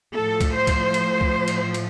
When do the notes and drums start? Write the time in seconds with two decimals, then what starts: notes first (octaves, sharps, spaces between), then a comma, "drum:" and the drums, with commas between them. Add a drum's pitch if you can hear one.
0.14 A2 F3 A4
0.41 drum: kick, cymbal
0.54 C5
0.67 drum: kick, cymbal
0.94 drum: cymbal
1.21 drum: kick
1.48 drum: cymbal
1.74 drum: cymbal